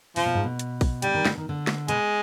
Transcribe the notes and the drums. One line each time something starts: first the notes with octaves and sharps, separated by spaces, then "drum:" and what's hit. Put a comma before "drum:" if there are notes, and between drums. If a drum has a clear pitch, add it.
C3 F3, drum: open hi-hat
B2
G#2
B2
drum: hi-hat
drum: kick A#1, open hi-hat
D3 G3, drum: hi-hat
D#3
D3, drum: snare
D#3
D3
drum: snare
B2 G#3, drum: hi-hat